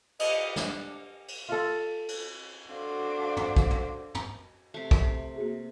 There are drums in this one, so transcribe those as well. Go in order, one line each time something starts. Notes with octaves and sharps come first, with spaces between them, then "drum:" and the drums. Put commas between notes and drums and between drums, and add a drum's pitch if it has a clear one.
F4 G4 B4 D#5, drum: cymbal
D4, drum: snare
drum: cymbal
F4 A4
drum: cymbal
D4 F#4 A4 C5 F5
drum: tom
drum: kick
drum: tom
drum: tom
C3 A3
drum: kick
A#3 F#4 G#4